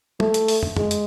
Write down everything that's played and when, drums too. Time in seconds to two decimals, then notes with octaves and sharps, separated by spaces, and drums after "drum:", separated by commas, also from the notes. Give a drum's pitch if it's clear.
0.20 A3, drum: tom
0.34 drum: hi-hat
0.48 drum: open hi-hat
0.63 drum: tom
0.77 G#3, drum: tom
0.91 drum: hi-hat